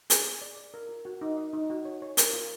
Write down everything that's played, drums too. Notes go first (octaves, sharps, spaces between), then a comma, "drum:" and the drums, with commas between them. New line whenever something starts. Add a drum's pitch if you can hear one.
G#4, drum: hi-hat
G#4
D5
D5
A#4
F4
F#4
D#4
D#5
D#4
F#4
C#5
C#5
A#4, drum: hi-hat
F4